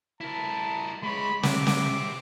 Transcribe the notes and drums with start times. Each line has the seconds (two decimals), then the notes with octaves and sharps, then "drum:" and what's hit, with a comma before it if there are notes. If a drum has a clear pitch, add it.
0.21 E4 A#4 A5
1.03 G#3 C#5 B5
1.43 G4 E5 D6, drum: snare
1.67 drum: snare